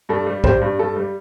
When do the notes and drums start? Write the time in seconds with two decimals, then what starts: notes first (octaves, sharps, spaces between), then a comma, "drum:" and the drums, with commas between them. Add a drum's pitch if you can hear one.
0.09 G2 A4
0.26 G3
0.44 G2 G4 C5, drum: kick
0.61 G2
0.79 G2 A4
0.96 G3